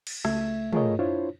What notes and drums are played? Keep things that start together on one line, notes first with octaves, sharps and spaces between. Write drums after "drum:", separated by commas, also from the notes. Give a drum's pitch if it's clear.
drum: cymbal
C#2 A3 E5 G#6, drum: rim click
A3 F4 G#4 A#4 C#5 D#5, drum: tom
D4 E4 F4 C5 C#5